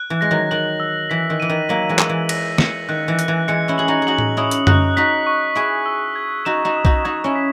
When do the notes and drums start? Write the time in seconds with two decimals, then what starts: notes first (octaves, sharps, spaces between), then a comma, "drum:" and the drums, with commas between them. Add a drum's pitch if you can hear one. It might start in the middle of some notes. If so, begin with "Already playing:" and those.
Already playing: F#6
0.10 E3
0.21 G#3 A#6
0.31 D#3 F#3
0.51 D#3 F#7
0.80 E6
1.10 E3 B6
1.30 D#3
1.40 E3 D#7
1.49 D#3
1.69 F#3 A#3 F#7
1.89 E3 G#3
1.99 E6, drum: clap
2.09 E3
2.29 A#6, drum: cymbal
2.58 C#7, drum: snare
2.89 D#3 F#6
3.08 E3
3.19 F#6, drum: hi-hat
3.28 E3
3.48 E3 G#3 C#7
3.68 C#4 E4
3.78 G#4 F#7
3.88 D#4 F#4
4.02 G#4
4.07 D#4 F#4 F#7
4.19 drum: tom A2
4.37 C#4 E4 D#6
4.51 drum: hi-hat
4.67 D#4 F#4 F#6, drum: tom F#2
4.97 D#4 F#4 B6
5.27 C#6
5.55 E4 G#4 C#6
5.86 E6
6.15 G#6
6.45 D#4 F#4 E7
6.65 D#4 F#4
6.76 D#6
6.85 D#4 F#4, drum: kick B1
7.04 D#4 F#4 G#6
7.24 C#4 E4
7.35 B6